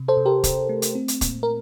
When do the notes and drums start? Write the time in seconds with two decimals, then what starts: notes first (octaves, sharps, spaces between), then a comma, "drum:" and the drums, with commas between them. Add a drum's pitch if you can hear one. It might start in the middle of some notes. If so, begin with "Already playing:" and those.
Already playing: C3
0.08 A4 C5
0.17 C3
0.26 G4 A#4
0.44 C3, drum: kick, hi-hat
0.69 A3
0.82 drum: hi-hat
0.95 C4
1.08 drum: hi-hat
1.21 A#2, drum: kick, hi-hat
1.43 A#4